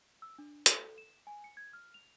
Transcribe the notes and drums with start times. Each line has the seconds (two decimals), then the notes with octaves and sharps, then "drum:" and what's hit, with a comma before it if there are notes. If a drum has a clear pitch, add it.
0.22 E6
0.38 D4
0.66 A4, drum: hi-hat
0.98 E7
1.27 G#5
1.44 C#7
1.57 G#6
1.73 F6
1.94 F7